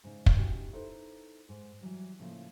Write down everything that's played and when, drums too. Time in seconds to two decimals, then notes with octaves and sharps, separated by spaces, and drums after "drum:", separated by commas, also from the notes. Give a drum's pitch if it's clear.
0.04 G#2 C#3 D#4
0.26 drum: kick
0.36 B3 C#4 D#4 E4 F#4 G4
0.73 D#4 E4 A4 B4 C5
1.49 G#2
1.81 E3 F#3 G3
2.19 A2 C#3 F3 A#3 E4